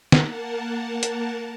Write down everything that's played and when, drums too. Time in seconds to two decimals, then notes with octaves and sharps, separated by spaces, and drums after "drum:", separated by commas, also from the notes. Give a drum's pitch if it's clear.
0.12 A#3 A#4 F#5 A5, drum: snare
1.03 drum: hi-hat